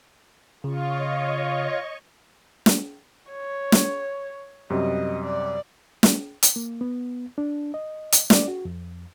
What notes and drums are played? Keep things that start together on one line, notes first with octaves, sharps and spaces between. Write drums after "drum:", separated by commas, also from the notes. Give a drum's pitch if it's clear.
C#3 F4 C#5 D#5 C#6
drum: snare
C#5
drum: snare
F#2 C3 G3 D#5
D5
drum: snare
drum: hi-hat
A#3
B3
D4
D#5
drum: hi-hat
D5, drum: snare
F#4
F2